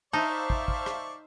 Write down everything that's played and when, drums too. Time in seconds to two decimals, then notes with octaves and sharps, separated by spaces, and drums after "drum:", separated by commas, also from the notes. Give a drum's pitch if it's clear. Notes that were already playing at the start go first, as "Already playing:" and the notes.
0.13 D#4 C5 D5 E5 F5 A5 C#6 D6
0.50 drum: kick
0.68 drum: kick
0.86 drum: rim click